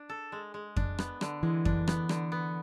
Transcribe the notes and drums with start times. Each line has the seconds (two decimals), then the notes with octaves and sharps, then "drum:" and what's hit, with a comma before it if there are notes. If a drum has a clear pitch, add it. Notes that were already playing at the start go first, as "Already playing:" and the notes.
Already playing: D4
0.10 A4
0.32 G#3
0.54 G#3
0.76 D4, drum: kick F2
0.98 B3, drum: rim click
1.21 D3, drum: rim click
1.43 E3 G#3
1.65 D4, drum: kick F2
1.88 B3, drum: rim click
2.09 D3, drum: rim click
2.32 B3